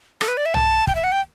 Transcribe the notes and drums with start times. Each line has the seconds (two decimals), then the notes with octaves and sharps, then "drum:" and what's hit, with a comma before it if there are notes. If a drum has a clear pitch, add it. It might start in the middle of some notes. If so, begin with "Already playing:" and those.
0.21 A4, drum: rim click
0.28 B4
0.37 D5
0.45 E5
0.54 A5, drum: tom B1
0.87 G5, drum: kick
0.95 E5
1.04 F#5
1.12 G5